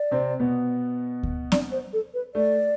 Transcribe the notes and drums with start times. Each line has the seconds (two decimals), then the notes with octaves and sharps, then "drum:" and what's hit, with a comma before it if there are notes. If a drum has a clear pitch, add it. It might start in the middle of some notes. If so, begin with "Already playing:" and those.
Already playing: D5
0.11 C3 C4
0.40 B2 B3
1.23 drum: kick D2
1.52 D5, drum: snare C4
1.72 C5
1.93 A4
2.14 B4
2.35 A3 D5